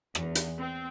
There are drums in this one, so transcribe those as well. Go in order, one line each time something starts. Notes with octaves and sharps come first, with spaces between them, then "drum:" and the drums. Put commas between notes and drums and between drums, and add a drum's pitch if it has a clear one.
E2, drum: rim click
drum: hi-hat
C4